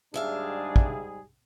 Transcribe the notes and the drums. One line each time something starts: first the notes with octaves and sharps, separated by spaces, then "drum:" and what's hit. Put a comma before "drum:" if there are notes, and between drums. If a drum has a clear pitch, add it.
D#2 G#2 G3 D4 G#4 E5 F5
drum: kick